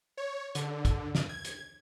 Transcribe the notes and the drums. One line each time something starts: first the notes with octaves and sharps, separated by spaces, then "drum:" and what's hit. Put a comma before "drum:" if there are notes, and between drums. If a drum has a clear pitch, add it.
C#5
D3, drum: hi-hat
drum: kick, hi-hat
drum: snare
G#6
drum: hi-hat